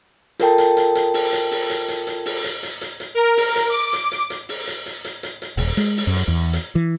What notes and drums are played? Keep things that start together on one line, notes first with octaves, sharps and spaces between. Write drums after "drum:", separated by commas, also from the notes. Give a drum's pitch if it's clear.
F4 A4 A#4 G5 A5, drum: hi-hat
drum: hi-hat
drum: hi-hat
drum: hi-hat
drum: open hi-hat
drum: hi-hat
drum: open hi-hat
drum: hi-hat
drum: hi-hat
drum: hi-hat
drum: open hi-hat
drum: hi-hat
drum: hi-hat
drum: hi-hat
drum: hi-hat
A#4
drum: open hi-hat
drum: hi-hat
D6
drum: hi-hat
drum: hi-hat
drum: hi-hat
drum: open hi-hat
drum: hi-hat
drum: hi-hat
drum: hi-hat
drum: hi-hat
drum: hi-hat
D#1, drum: open hi-hat
G#3, drum: hi-hat
drum: open hi-hat
F#2
drum: hi-hat
E2
drum: hi-hat
E3